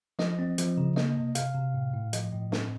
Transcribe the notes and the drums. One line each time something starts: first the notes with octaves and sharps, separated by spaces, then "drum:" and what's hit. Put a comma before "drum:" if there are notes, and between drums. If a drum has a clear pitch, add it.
F3 D#5, drum: snare
C4
F3, drum: hi-hat
C#3
A#3 D#5, drum: snare
C3
C3 F5, drum: hi-hat
C3
A2
A2
F3 D#5, drum: hi-hat
A2
C4, drum: snare